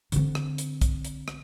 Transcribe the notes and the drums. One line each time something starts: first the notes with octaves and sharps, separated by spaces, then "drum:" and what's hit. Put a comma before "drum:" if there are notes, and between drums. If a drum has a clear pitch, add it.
D3 C4, drum: hi-hat
drum: rim click
drum: hi-hat
drum: kick, hi-hat
drum: hi-hat
drum: rim click